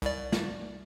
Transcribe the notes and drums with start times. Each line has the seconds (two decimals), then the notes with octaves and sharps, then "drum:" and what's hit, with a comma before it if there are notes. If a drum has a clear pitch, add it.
0.02 C2 D5, drum: hi-hat
0.32 drum: snare